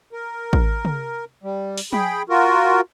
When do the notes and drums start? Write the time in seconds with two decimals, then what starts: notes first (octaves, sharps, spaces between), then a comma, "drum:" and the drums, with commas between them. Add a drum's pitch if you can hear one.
0.12 A#4
0.53 drum: kick
0.85 drum: tom
1.43 G3
1.78 drum: open hi-hat
1.93 G#4 G5 B5, drum: tom
2.29 F4 F#4 A#4